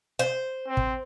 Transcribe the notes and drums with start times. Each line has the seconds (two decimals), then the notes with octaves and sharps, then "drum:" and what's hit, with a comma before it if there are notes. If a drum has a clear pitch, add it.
0.19 C5
0.68 C4
0.77 drum: kick